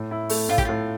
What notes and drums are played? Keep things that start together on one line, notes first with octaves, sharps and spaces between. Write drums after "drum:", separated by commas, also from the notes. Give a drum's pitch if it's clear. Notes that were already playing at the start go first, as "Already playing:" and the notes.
Already playing: A2
E4
A3, drum: open hi-hat
A2 F4
G4, drum: kick
A2 F4